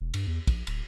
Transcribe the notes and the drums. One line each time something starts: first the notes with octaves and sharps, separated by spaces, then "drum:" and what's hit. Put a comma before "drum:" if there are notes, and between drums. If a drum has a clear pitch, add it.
E1
G2, drum: cymbal
E2
A#1, drum: kick, cymbal
D1, drum: cymbal